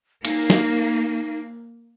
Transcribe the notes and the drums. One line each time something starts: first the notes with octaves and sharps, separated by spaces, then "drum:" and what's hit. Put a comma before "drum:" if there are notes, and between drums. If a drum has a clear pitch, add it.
A#3 D#4, drum: cymbal
drum: snare